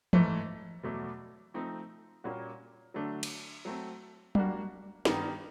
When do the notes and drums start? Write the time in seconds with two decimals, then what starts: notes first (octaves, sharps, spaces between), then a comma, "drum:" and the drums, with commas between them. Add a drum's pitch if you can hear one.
0.13 G#2 E3 A3, drum: tom E3
0.83 E2 B2 F#3 A3
1.54 F3 A3 C4 D#4
2.24 A#2 G3 A#3 C#4 F#4
2.94 D3 F#3 A3 D4
3.23 drum: cymbal
3.65 F#3 A3 C4
4.35 G3 A#3 D4 F#4, drum: tom F#3
5.05 G2 D#3 G3 B3 D#4, drum: snare